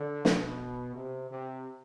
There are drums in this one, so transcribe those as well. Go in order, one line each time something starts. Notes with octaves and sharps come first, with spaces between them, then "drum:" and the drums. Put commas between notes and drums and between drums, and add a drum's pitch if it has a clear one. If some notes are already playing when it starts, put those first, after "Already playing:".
Already playing: D3
B2, drum: snare
C3
C3